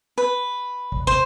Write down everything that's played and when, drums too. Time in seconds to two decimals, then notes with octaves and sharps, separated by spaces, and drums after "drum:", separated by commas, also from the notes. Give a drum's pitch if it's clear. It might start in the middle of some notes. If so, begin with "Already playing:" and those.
0.18 B4
0.92 drum: kick
1.07 C5, drum: kick